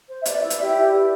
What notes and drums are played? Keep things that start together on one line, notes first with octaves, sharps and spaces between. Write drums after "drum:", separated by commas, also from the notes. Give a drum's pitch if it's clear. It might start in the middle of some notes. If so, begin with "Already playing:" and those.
C5
E5
B4 D5, drum: hi-hat
E4
D5, drum: hi-hat
G4 E5
E4 D5
B4